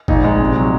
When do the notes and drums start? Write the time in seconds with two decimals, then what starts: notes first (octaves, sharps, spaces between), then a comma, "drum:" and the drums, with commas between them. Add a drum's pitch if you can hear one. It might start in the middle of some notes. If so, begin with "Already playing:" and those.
0.08 A#1 D#4, drum: kick G1
0.24 G#3
0.40 C3
0.57 F#3